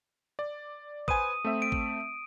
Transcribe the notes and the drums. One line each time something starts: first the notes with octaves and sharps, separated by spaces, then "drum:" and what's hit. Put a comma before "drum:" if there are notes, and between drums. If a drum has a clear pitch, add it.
D5
B4 C5 G#5 D#6 D#7, drum: kick A1
A3 C4 E5
D7
drum: kick A1